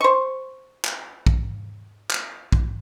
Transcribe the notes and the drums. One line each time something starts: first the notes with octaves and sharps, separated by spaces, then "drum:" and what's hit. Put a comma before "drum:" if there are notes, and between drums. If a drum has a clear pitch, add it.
C5 C#6
drum: clap
drum: kick
drum: clap
drum: kick